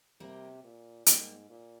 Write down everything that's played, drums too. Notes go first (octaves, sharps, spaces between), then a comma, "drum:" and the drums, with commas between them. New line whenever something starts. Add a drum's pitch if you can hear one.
C3 G3 A#3
A#2
G#2 G3 A#3, drum: hi-hat
A#2